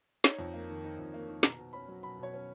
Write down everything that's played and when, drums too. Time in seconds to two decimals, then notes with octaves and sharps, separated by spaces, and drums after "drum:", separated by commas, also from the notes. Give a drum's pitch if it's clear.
0.24 D#4 C#5, drum: snare
0.39 F2
0.54 A#3
0.69 D#3
0.84 D#4
0.99 F2
1.14 A#3
1.28 D#3
1.43 B2 A#5, drum: snare
1.59 B2
1.73 C#4 B5
1.88 F#3
2.03 B2 B5
2.19 B2 C#5
2.34 C#4